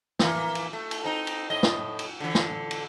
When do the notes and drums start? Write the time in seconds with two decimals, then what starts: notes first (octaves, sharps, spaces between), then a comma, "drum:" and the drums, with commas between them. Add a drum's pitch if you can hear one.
0.19 F2 E3 A#3, drum: snare
0.55 drum: cymbal
0.73 A3
0.91 drum: cymbal
1.04 C4 D#4
1.27 drum: cymbal
1.50 A2 D#5
1.63 drum: snare
1.99 drum: cymbal
2.20 D3 E3
2.35 drum: snare
2.71 drum: cymbal